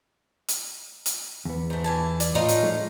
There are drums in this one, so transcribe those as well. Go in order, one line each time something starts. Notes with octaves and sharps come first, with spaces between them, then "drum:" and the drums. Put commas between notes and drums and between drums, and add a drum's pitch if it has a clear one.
drum: hi-hat
drum: hi-hat
E2 B3
G#2 A3
E3 G#5 A5
D5, drum: hi-hat
A2 C#4 D#4 F4
drum: hi-hat
F3 G#3 A3